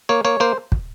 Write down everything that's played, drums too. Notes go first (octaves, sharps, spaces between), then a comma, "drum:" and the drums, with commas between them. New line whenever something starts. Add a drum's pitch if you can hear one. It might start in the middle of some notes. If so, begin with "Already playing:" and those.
A#3 C#5
A#3 C#5
A#3 C5
drum: kick